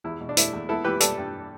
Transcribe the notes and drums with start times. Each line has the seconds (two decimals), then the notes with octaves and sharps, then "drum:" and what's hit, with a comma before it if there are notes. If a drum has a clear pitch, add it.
0.04 E2 E4
0.21 B2
0.29 D4
0.37 A3 E4, drum: hi-hat
0.53 E2
0.69 B3 E4 A4
0.84 E3 G4 B4
1.00 G3 A4 D5, drum: hi-hat
1.18 G2